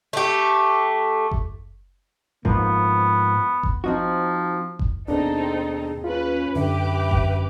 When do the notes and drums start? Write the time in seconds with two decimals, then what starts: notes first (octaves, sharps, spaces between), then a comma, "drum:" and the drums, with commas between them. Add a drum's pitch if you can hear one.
0.13 A3 G4
1.31 drum: kick F#1
2.45 G#2 F3 A#3 B3, drum: kick F#1
3.63 drum: kick F#1
3.84 F3 C4 D#4 F#4
4.79 drum: kick F#1
5.08 D#2 B2 B3 C4 D4 D#4 G#4 A4
6.04 C#4 F4 B4
6.55 F#2 D3 G4 B4 E5 D6
7.11 drum: kick F#1